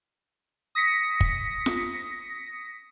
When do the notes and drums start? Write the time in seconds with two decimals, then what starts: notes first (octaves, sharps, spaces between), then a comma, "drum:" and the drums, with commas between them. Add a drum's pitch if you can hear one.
0.75 D#6 A#6 B6 C#7
1.21 drum: kick
1.66 drum: snare F4